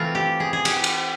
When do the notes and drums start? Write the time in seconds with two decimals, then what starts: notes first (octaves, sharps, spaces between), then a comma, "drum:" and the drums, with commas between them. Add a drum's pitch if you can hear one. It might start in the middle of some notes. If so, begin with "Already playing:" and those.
Already playing: E3 A3 C4 F4
0.15 G4
0.40 G#4
0.53 G#4
0.65 G4, drum: cymbal
0.84 drum: cymbal